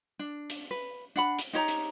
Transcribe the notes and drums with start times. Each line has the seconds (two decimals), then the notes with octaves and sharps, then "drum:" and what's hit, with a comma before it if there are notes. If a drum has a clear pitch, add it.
0.19 D4
0.50 drum: hi-hat
0.71 B4
1.16 D4 F#5 B5
1.39 drum: hi-hat
1.53 D#4 G4 C#5 A#5
1.68 drum: hi-hat